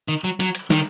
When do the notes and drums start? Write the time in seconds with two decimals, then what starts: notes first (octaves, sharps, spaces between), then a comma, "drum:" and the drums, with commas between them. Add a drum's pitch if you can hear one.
0.08 D#3
0.24 F#3
0.40 F#3, drum: hi-hat
0.55 drum: hi-hat
0.70 D#3, drum: snare